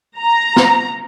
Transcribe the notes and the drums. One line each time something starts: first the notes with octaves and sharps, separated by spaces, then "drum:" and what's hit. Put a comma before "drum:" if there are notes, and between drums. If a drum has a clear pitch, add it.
A#5
drum: snare